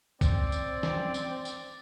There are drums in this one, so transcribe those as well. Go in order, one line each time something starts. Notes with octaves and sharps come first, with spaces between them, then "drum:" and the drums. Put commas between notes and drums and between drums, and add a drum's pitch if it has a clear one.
C4 D5, drum: kick, tambourine
drum: tambourine
drum: snare
drum: tambourine
drum: tambourine